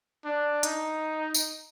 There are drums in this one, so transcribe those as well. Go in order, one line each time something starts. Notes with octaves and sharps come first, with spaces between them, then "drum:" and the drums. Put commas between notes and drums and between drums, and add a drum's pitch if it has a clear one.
D4
D#4, drum: hi-hat
drum: tambourine